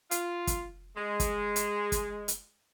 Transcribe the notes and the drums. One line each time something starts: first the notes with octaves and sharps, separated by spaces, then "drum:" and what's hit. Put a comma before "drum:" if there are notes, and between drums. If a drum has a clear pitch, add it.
F4, drum: hi-hat
drum: kick, hi-hat
G#3
drum: kick, hi-hat
drum: hi-hat
drum: kick, hi-hat
drum: hi-hat